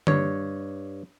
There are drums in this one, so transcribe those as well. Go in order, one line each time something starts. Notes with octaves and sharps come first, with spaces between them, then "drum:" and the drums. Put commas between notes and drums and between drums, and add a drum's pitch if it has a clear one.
G2 C#5, drum: tom D3